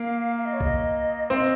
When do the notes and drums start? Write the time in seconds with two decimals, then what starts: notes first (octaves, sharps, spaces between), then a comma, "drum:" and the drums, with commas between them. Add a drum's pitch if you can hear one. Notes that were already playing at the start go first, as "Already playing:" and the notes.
Already playing: A#3 F5
0.37 F5
0.45 D#5
0.53 C#5
0.60 D#5, drum: kick B1
1.30 C4 D#5 F5